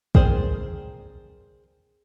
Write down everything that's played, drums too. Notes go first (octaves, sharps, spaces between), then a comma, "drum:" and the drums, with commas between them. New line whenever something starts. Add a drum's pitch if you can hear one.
C4 G#4 A#4 C5 D5, drum: kick